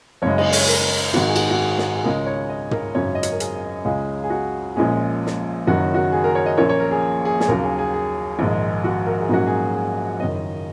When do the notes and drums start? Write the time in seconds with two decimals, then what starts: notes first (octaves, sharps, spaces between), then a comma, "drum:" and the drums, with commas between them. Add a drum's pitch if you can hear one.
0.22 F#1 F#2 C#3 G#3 C#5
0.38 D#5, drum: cymbal
0.52 C#5, drum: open hi-hat
0.68 A#4
1.13 G#1 G#2 D#3 F#4
1.28 G#4
1.36 F#4, drum: cymbal
1.50 F#4
1.59 G#4
1.78 drum: snare
1.94 G#4
2.04 C#2 C#3 G#3 C#4 A#4
2.26 C#5
2.49 D#5
2.71 A#4, drum: tom
2.95 G#1 F#2 C#3 F#3 C#4 C#5
3.15 D#5
3.23 C#5, drum: hi-hat
3.32 A#4
3.40 G#4, drum: hi-hat
3.85 C#2 C#3 G#3 C#4 G#4
4.24 G#4
4.30 F#4
4.76 A#1 A#2 G#3 C#4 G#4
5.26 drum: snare
5.67 F#1 F#2 D#3 F#3 F#4
5.94 F#4
6.12 G#4
6.24 A#4
6.35 C#5
6.46 D#5
6.57 A#1 A#2 A#3 C#4 C#5
6.69 C#5
6.80 A#4
6.91 G#4
7.25 G#4
7.40 G#4, drum: snare
7.48 D#2 C#3 F#3 A#3 A#4
7.64 G#4
7.78 G#4
7.93 G#4
8.39 A#1 G#2 D#3 G#3
8.84 F#4
9.07 A#4
9.21 G#4
9.29 A#1 G#2 F#3 A#3 C#4 F#4
9.47 G#4
9.75 G#4
10.20 F#1 F#2 D#3 D#5